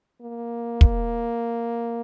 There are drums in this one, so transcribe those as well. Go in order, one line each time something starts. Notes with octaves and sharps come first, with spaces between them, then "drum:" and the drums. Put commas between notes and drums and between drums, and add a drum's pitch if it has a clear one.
A#3
drum: kick